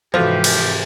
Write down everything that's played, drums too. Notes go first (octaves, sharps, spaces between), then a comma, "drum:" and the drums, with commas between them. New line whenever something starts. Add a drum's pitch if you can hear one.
G#2 C3 E3 F3 F#4 G4 A4 F5
drum: cymbal